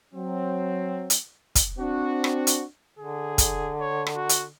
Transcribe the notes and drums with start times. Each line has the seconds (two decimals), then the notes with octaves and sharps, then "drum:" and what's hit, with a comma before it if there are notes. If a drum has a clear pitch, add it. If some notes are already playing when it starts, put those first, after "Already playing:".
0.13 F#3 C4
1.10 drum: hi-hat
1.55 drum: kick, hi-hat
1.78 C4 D4 F#4
2.24 drum: rim click
2.47 drum: hi-hat
2.99 D3 G#4
3.38 drum: kick, hi-hat
3.80 C#5
4.07 drum: rim click
4.16 F#4
4.29 drum: hi-hat